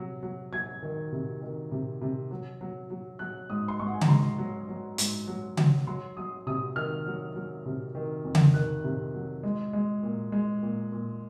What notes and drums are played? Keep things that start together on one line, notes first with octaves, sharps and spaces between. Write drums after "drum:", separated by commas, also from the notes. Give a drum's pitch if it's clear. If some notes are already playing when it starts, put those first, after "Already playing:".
Already playing: C3 F#3
F#3
F#3 G#6
D#3
C3
D#3
C3
C3
F#3
F#3
F#3
F#3 F#6
G#2 D#6
C6
G#2 C#6
F#5
G#5
A#5, drum: tom C#3
G#2 C6
F#3
F#3
G#2, drum: hi-hat
F#3
F#3, drum: tom C#3
F#3 C6
F#3 D#6
C3 D#6
D#3 F6
F#3
F#3
C3
D#3
F2
drum: tom C#3
D#3 F#6
C3
F#3
G#3
G#3
A#2
G#3
A#2
A#2